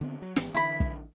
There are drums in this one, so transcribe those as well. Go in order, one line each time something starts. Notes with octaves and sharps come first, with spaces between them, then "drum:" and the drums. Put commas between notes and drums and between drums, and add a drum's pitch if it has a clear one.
D3 B3 C4
F#3
G#1 E3 B3, drum: snare
D3 E3 E4 B5
drum: kick